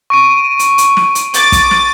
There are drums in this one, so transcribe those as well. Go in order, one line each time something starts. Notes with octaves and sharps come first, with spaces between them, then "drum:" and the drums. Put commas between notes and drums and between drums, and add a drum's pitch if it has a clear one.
C#6 D7 D#7
drum: hi-hat
drum: hi-hat
drum: snare
drum: hi-hat
D6 A6, drum: hi-hat
drum: kick, hi-hat
drum: snare